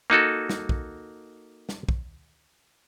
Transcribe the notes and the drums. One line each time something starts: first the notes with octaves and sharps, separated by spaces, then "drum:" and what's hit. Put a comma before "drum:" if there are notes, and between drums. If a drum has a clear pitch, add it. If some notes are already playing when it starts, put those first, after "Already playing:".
A#3 D#4 F#4 A4
drum: snare
drum: kick
drum: snare
drum: kick